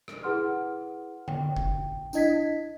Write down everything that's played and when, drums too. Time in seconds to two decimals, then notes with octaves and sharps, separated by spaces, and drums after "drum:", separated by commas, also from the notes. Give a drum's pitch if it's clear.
0.08 drum: rim click
0.23 E4 G#4 B4 F#5 C6 F6
1.28 G5, drum: tom D3
1.56 drum: kick G1
2.13 D4 E4 D#5 G#6 B6, drum: tambourine